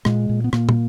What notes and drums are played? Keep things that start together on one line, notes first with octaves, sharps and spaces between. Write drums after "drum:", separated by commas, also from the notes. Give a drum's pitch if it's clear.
A#2 G#3, drum: rim click
A#2
B3
A#2 A#3, drum: rim click
drum: tom